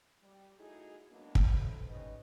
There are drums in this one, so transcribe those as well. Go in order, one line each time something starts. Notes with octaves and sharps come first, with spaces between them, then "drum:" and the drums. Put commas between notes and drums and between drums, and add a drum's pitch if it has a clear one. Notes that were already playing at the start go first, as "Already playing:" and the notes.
G3
A2 D#4 E4 F#4 G#4
F#3 G#3 A#3 B3 D4
drum: kick
F#3 A3 A4 B4 C5
G3 G#3 C#4 D#4 B4 D#5